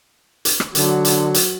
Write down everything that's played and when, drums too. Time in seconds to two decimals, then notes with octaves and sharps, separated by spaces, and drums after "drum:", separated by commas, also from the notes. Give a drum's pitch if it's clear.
0.45 drum: hi-hat
0.60 drum: rim click
0.75 D3 F#3, drum: hi-hat
1.05 drum: hi-hat
1.34 drum: hi-hat